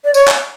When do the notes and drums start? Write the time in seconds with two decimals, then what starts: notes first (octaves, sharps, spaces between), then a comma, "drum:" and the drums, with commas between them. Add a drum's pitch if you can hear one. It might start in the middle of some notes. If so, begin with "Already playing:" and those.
0.05 D5
0.14 C#5, drum: tambourine
0.28 drum: clap